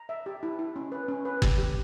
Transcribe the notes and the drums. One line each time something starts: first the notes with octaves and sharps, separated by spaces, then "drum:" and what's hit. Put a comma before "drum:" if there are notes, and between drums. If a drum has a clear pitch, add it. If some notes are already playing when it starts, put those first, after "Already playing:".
Already playing: A#5
E5
G4
E4
E4
C#4
B4
C#4
B4
G4, drum: kick
G4